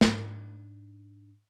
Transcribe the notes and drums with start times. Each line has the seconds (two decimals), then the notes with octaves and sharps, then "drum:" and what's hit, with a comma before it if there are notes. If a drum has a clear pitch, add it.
0.01 G#2 D4, drum: snare